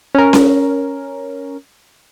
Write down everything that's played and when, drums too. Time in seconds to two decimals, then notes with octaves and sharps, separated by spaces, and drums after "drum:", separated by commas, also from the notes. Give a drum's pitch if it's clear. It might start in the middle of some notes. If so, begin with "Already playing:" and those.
0.15 C#4 A#4
0.33 drum: snare C#4